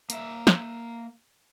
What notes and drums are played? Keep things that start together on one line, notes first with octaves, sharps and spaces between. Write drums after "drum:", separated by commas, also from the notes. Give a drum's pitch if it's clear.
A#3 E5, drum: hi-hat
drum: snare